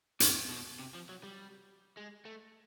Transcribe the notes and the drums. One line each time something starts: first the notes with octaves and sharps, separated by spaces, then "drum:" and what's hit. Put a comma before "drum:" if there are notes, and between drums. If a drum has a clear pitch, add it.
C3, drum: hi-hat
B2
C3
F3
F#3
G3
G#3
A3